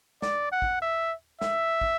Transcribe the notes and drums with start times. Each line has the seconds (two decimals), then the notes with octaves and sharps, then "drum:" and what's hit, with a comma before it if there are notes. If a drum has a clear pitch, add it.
0.22 D5, drum: snare
0.52 F#5
0.62 drum: kick
0.82 E5
1.41 E5, drum: snare
1.81 drum: kick